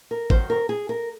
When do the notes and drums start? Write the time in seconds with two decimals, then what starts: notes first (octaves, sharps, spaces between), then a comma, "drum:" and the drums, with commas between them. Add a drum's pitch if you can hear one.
0.11 A#4
0.30 F#2 D#3 F#3 C4 C5, drum: kick
0.50 A#4
0.69 G#4
0.89 A#4